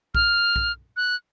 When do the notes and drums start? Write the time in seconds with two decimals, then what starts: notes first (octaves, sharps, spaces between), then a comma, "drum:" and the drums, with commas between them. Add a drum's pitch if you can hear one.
0.15 F6, drum: kick B1
0.56 drum: kick B1
0.97 F#6